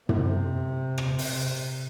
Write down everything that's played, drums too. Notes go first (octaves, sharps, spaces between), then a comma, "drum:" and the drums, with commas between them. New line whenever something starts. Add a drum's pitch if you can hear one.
C3, drum: tom
drum: rim click
C3
drum: open hi-hat